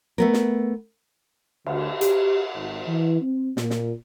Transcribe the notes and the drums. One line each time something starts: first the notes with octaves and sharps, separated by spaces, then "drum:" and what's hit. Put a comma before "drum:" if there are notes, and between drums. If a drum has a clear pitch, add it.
A3 B3 A#4
drum: snare
D2, drum: cymbal
G4, drum: hi-hat
G#1
E3
C4
A#2, drum: snare
drum: snare